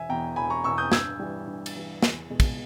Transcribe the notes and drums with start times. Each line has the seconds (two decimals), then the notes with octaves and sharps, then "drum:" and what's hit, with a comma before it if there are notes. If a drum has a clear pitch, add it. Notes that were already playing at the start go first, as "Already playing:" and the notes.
Already playing: E1 E5 G#5
0.09 E2 B2 G5 A#5
0.36 E1 G#5 B5
0.50 A#5 C#6
0.64 E2 B2 C#6 E6
0.78 D#6 G6
0.92 G2 E6 G#6, drum: snare
1.19 E3 G3
1.47 G2
1.66 drum: cymbal
1.75 E3 G3
2.03 E2, drum: snare
2.30 B2 G#3
2.40 drum: kick, cymbal